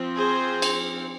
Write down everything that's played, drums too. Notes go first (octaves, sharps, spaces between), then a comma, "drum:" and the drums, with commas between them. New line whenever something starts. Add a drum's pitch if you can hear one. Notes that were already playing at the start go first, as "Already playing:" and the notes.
Already playing: F3 C4
G#4 C5
drum: cymbal